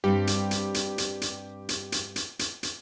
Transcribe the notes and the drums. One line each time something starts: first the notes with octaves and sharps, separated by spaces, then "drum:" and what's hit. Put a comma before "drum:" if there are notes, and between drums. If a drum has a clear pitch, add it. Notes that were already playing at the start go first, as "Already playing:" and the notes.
G2 G3 C4 G4
drum: hi-hat
drum: hi-hat
drum: hi-hat
drum: hi-hat
drum: hi-hat
drum: hi-hat
drum: hi-hat
drum: hi-hat
drum: hi-hat
drum: hi-hat